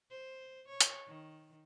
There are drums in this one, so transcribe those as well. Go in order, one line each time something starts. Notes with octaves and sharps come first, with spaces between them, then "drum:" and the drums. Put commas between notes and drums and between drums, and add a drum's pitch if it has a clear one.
C5
C#5
drum: hi-hat
D#3